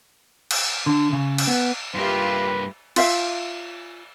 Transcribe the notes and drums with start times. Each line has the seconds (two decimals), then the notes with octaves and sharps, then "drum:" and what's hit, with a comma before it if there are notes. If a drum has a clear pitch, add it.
0.51 drum: cymbal
0.86 D3
1.13 C#3
1.38 drum: cymbal
1.47 B3
1.95 G2 A#3 F4 G4 B4 E5
2.96 F4 E5 F5, drum: cymbal